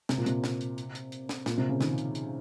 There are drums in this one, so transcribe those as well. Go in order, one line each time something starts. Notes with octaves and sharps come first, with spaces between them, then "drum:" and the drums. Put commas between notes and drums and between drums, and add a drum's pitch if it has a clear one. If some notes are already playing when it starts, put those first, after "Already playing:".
C3, drum: snare
A#2
C3, drum: hi-hat
drum: snare
drum: hi-hat
drum: hi-hat
drum: hi-hat
drum: hi-hat
drum: snare
A#2, drum: snare
C3
C#3
D#3, drum: snare
drum: hi-hat
drum: hi-hat